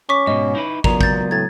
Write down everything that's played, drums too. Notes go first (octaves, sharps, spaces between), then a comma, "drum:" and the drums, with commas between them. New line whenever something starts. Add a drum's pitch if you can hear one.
C#4 C#6 D6 B6
G#2 B2 D#5
D#4 E4 B4
C#2 A#2 F#3 B3 A#5, drum: kick
G6 A6, drum: kick
A2 G#6 A6